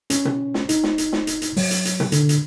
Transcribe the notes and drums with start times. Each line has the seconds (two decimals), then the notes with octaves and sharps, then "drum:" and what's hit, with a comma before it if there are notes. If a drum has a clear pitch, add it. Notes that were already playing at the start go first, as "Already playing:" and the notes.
0.10 C#4, drum: hi-hat
0.25 drum: tom B2
0.54 drum: snare
0.69 D#4, drum: hi-hat
0.83 drum: snare
0.98 drum: hi-hat
1.13 drum: snare
1.27 drum: hi-hat
1.42 drum: hi-hat
1.57 F#3, drum: open hi-hat
1.71 drum: hi-hat
1.85 drum: hi-hat
2.00 drum: tom B2
2.12 D3, drum: hi-hat
2.29 drum: hi-hat